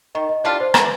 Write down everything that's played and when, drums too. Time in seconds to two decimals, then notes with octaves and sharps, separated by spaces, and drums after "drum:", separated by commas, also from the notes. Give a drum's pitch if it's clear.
0.15 D#3 D#5
0.29 D#5
0.44 G3 D4 F4 D5
0.60 C5
0.74 C3 B4, drum: rim click